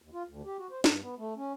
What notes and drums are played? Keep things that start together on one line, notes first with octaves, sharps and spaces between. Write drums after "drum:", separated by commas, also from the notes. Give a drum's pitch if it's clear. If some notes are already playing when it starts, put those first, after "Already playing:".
D#2
F4
D2
G4
F#4
C5
G2, drum: snare
B3
A3
C#4